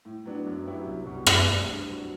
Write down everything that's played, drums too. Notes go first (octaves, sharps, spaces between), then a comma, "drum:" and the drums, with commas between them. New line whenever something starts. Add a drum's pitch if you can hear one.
A2
F#3 B3 D4
F#2
F#3 B3 E4 G4
C2
B2 G3
A2, drum: rim click
G3 C4 E4
G2
F#3 C4 F#4